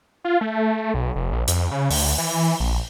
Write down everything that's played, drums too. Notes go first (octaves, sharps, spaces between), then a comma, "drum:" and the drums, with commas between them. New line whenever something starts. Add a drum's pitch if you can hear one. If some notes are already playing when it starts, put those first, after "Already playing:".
F4
A3
B1
F1
A#1
F2, drum: hi-hat
C#3
D2, drum: open hi-hat
E3
A#1